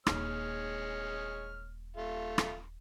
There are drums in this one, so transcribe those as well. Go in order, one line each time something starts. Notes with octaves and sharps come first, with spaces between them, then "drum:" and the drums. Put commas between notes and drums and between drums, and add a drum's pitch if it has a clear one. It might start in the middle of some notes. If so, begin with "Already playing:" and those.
D#1 G#3 D#4 C#5 F6, drum: rim click
A3 F4
drum: rim click